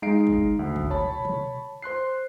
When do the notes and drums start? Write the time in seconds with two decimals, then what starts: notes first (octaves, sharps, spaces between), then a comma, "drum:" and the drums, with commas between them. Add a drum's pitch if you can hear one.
0.02 G#3 D#4 F5 C7 D7
0.27 drum: kick
0.59 D2
0.76 drum: kick
0.90 C#5 A5 B5
1.00 drum: tom A#2
1.25 drum: tom B2
1.82 C5 C6 F#6 C7